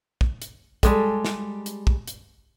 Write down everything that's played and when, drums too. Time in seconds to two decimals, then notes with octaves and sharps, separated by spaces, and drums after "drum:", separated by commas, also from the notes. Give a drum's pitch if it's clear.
0.21 drum: kick
0.42 drum: hi-hat
0.83 G3 G#3 A4, drum: kick, hi-hat
1.25 drum: snare
1.66 drum: hi-hat
1.87 drum: kick
2.08 drum: hi-hat